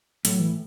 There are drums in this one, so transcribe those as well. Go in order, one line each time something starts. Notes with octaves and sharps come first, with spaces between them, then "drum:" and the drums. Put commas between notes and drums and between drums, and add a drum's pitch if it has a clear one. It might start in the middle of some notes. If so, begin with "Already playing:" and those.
A2 F#3, drum: hi-hat
E3